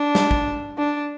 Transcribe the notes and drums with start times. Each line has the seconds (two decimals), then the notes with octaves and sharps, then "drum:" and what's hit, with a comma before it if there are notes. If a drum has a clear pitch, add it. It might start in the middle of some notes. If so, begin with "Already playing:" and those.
Already playing: D4
0.15 drum: snare
0.31 drum: kick
0.78 D4